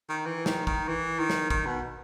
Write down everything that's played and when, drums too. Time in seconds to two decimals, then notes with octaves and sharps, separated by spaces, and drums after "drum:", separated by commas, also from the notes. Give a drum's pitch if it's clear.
0.10 D#3
0.26 E3
0.46 D#3, drum: snare
0.67 D#3, drum: kick
0.88 E3
1.19 D#3
1.30 drum: snare
1.50 D#3, drum: kick
1.66 B2